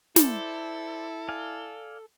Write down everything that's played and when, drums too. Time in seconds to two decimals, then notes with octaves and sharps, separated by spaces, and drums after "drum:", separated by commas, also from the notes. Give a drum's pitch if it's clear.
0.16 E4 A4 C5 D5, drum: snare
1.29 D5 F5 G#5